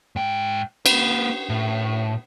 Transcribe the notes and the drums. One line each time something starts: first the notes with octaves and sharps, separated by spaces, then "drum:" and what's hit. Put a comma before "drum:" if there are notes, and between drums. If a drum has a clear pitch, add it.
G#2 G5
A#3 B4, drum: cymbal
A2